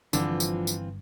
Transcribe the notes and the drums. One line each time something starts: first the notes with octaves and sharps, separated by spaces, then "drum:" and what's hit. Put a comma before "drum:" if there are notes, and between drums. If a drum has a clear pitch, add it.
G1 G2 D3 E3 F3 C4 F4, drum: tambourine
drum: tambourine
drum: tambourine